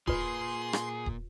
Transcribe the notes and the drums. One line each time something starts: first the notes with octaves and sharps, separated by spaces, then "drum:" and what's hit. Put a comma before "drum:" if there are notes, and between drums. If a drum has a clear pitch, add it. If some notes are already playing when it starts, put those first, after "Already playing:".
A#2 F4 G#4 B4 C6, drum: kick D#1
drum: rim click
drum: kick D#1